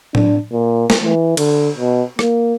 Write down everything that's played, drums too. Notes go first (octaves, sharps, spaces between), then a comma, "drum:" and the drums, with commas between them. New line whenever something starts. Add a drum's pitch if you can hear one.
D4, drum: tom
A#2
drum: snare
E3
D3, drum: cymbal
B2
A#3, drum: rim click